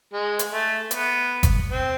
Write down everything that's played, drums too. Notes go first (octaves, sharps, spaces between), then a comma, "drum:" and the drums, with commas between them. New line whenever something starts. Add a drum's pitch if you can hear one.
G#3
drum: hi-hat
A3
B3, drum: hi-hat
drum: kick G1, hi-hat
C4